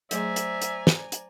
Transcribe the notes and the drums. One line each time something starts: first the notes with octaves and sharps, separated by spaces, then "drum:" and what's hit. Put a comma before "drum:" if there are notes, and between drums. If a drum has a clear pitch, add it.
F#3 A3 G#4 C5 D5 E5 G#5 A#5, drum: hi-hat
drum: hi-hat
drum: hi-hat
drum: snare
drum: hi-hat